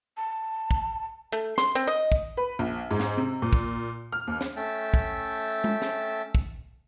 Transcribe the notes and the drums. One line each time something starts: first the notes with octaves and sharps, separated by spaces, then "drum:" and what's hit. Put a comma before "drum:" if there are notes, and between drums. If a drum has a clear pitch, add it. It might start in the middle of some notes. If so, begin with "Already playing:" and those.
A5
drum: kick
A3
C6, drum: snare
C4
D#5
drum: kick
B4
A#1
G#2
drum: snare
C3
A#2
drum: kick
F6
D#2
drum: snare
A3 C#4 E5 G5 A5
drum: kick
drum: tom G#3
drum: snare
drum: kick